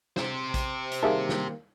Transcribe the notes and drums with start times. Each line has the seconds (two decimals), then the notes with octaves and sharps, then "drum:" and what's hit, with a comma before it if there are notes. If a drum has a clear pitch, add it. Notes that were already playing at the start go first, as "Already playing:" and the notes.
0.17 G4 C5, drum: snare
0.54 drum: kick A#1, hi-hat
0.92 drum: hi-hat
1.03 D#3 G3 A#3 G#4 E5 A5
1.29 drum: snare